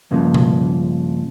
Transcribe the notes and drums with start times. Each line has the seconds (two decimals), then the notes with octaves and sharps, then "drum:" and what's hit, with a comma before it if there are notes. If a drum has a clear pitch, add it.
0.11 G2 C#3 F3 A#3
0.34 drum: tom B2